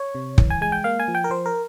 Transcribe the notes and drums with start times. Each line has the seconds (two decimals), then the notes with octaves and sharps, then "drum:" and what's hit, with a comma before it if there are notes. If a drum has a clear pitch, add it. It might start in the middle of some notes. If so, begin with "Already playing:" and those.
Already playing: C#5
0.15 C3
0.38 E3, drum: kick
0.50 G#5
0.61 G#3 G#5
0.72 G5
0.84 A#3 F5
1.00 G#5
1.08 F3
1.15 G5
1.24 A#4
1.30 F3 C5
1.46 A#4